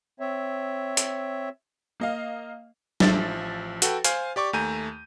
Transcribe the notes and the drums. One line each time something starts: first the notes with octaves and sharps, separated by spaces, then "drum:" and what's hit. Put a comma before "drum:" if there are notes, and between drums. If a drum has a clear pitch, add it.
C4 C#5 E5
drum: hi-hat
A#3 D#5 F5
A1 F3 E5 A6, drum: snare
F#4 A4 B4 G5, drum: hi-hat
C5 F5 G#5, drum: hi-hat
G4 D5 C#6 D6
D#2 A3 G#5 A#5 G6 D#7